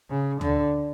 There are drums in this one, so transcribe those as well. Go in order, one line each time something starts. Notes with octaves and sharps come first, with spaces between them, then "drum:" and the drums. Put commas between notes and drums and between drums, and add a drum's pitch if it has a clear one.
C#3
D3, drum: tom